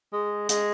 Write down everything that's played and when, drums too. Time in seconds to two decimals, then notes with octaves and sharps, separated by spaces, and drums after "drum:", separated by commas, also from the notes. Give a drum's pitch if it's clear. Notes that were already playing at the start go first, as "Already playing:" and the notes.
0.13 G#3
0.49 G#3, drum: hi-hat